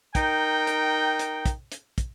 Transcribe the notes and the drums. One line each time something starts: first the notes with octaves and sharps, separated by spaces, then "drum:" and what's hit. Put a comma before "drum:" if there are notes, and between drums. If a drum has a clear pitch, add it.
D#4 A#4 G5, drum: kick, hi-hat
drum: hi-hat
drum: hi-hat
drum: kick, hi-hat
drum: hi-hat
drum: kick, hi-hat